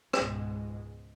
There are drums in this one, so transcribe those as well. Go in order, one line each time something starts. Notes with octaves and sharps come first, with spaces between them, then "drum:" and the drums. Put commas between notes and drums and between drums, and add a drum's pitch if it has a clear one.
C#2 G#2 B2 G#3, drum: rim click